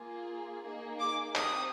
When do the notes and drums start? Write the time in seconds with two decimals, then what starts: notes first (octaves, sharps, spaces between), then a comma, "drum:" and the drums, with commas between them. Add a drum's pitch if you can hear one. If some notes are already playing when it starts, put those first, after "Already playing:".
Already playing: A#3 F4 G#4
0.62 A#3 D#4 G#4
0.99 D6
1.35 C4 G4 D#6, drum: clap